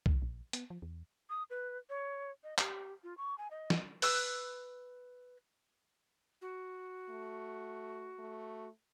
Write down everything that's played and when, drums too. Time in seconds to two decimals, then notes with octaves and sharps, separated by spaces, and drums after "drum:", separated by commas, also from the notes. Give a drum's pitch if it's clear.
0.06 D#3, drum: kick B1
0.22 A#1
0.53 B3, drum: hi-hat
0.70 F3
0.82 E2
1.30 D#6
1.50 B4
1.89 C#5
2.44 D#5
2.58 G4, drum: clap
3.04 F4
3.17 C#6
3.38 G#5
3.51 D#5
3.70 drum: snare
4.02 B4 E6 F#6, drum: open hi-hat
6.42 F#4
7.09 A3
8.19 A3